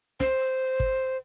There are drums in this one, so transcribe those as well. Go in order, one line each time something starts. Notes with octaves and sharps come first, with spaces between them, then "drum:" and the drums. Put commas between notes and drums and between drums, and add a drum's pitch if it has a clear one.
C5, drum: snare
drum: kick